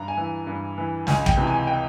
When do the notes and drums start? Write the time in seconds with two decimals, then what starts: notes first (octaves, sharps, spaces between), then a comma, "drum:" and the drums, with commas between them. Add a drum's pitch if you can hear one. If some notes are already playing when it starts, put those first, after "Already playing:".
Already playing: G2 A#5
0.08 G#5
0.18 E3
0.47 G2
0.78 E3
1.07 C#2 G#5, drum: snare
1.26 G5, drum: kick
1.37 C3 E3
1.47 G#5
1.67 G5